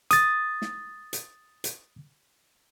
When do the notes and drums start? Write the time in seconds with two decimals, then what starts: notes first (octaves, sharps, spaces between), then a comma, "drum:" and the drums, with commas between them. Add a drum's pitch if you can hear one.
0.11 D#6 A6, drum: hi-hat
0.62 drum: snare
1.13 drum: hi-hat
1.64 drum: hi-hat